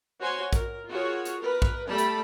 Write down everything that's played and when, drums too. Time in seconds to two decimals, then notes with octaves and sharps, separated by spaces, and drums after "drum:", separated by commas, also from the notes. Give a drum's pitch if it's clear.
0.21 F#4 C5 C#5 G#5 C6
0.53 A#4, drum: kick, hi-hat
0.90 F4 F#4 G#4 A#4 C#5
1.25 drum: hi-hat
1.41 A#4 B4
1.62 drum: kick
1.89 G3 A3 A4 A5 B5
1.98 drum: hi-hat